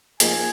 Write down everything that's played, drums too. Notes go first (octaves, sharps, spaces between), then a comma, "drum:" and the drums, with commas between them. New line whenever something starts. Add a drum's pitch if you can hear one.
F3 A#3 D#4 G#4 G#5, drum: hi-hat